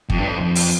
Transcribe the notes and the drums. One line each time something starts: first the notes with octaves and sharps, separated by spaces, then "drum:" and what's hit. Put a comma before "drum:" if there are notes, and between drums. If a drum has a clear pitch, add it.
F2, drum: kick
G2
F2
F2
drum: open hi-hat